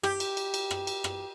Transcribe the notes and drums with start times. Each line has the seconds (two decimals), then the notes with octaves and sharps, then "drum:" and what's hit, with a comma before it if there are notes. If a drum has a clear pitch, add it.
0.03 G4, drum: rim click
0.20 drum: cymbal
0.37 drum: cymbal
0.54 drum: cymbal
0.71 drum: rim click
0.87 drum: cymbal
1.04 drum: rim click